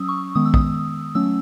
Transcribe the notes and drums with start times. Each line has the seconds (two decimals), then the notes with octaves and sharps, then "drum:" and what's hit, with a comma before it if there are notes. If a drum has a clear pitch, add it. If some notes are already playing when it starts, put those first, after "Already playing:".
Already playing: F#3 C#4 D#6 E6
0.08 C#6
0.35 D#3 G#3 B3 D#6
0.45 E6
0.54 D#6, drum: kick
1.15 F#3 A3 C#4 E6